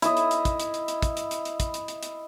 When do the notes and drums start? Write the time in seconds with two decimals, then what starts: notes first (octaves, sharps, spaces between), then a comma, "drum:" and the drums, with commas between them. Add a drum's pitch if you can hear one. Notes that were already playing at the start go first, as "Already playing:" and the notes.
0.02 E4 D#5, drum: hi-hat
0.17 drum: hi-hat
0.31 drum: hi-hat
0.45 drum: kick, hi-hat
0.60 drum: hi-hat
0.74 drum: hi-hat
0.88 drum: hi-hat
1.02 drum: kick, hi-hat
1.17 drum: hi-hat
1.31 drum: hi-hat
1.45 drum: hi-hat
1.60 drum: kick, hi-hat
1.74 drum: hi-hat
1.88 drum: hi-hat
2.03 drum: hi-hat